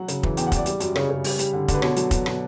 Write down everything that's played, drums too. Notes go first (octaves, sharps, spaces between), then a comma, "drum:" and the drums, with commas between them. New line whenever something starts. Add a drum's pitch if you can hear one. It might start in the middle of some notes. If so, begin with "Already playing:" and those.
Already playing: F#3 F#5
C#3, drum: hi-hat
E3, drum: kick F1
E2 G5, drum: hi-hat
F#5
E3 D5, drum: kick F1, hi-hat
G3, drum: hi-hat
F#2, drum: hi-hat
C#3 C#5, drum: rim click
C#3
G3, drum: open hi-hat
G3, drum: hi-hat
D3
D3, drum: kick F1, hi-hat
B4
B2 C#5, drum: rim click
F#3, drum: hi-hat
F#3, drum: kick F1, hi-hat
B2, drum: rim click